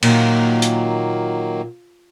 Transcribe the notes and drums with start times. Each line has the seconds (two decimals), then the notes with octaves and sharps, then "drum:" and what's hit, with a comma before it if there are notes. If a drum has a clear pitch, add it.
0.03 A#2 D#3 F#3 A#3, drum: cymbal
0.62 drum: hi-hat